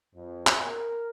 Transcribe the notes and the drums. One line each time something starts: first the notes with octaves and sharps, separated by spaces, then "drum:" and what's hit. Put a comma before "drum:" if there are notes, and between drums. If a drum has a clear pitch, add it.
F2
drum: clap
A#4